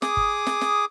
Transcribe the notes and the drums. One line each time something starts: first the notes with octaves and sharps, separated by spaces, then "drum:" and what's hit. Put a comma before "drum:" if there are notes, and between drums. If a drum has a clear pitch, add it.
G#4 D6 D#6, drum: snare
drum: kick G1
drum: snare
drum: snare